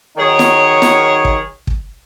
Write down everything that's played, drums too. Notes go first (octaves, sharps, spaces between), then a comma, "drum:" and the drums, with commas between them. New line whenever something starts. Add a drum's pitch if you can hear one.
D#3 F#3 D#4 G#4 C#5
drum: snare
drum: snare
drum: kick
drum: kick